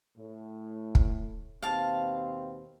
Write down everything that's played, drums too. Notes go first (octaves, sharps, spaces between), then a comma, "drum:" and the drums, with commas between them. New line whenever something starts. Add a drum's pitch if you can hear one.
A2
drum: kick
D#2 B2 C4 F5 A5